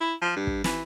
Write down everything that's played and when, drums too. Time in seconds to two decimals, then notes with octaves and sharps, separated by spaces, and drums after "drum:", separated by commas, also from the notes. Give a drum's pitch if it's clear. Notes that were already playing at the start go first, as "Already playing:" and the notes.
0.01 E4
0.22 F3
0.36 G2
0.47 drum: kick
0.64 E3, drum: snare